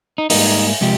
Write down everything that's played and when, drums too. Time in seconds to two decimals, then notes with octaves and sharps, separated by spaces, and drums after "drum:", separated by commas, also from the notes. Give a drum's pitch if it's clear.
0.18 D#4
0.30 G#2 G3 A#3 D#4, drum: open hi-hat
0.81 C3 F3 G#3 G4